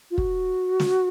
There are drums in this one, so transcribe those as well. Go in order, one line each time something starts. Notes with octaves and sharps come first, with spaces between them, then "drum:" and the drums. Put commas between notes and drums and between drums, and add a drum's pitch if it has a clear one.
F4
F#4, drum: kick
drum: snare